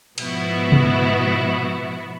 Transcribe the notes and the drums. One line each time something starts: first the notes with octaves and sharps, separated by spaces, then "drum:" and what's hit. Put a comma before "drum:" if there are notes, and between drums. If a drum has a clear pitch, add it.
G#2 B2 F3 B3 E4 F#4, drum: cymbal
drum: tom C3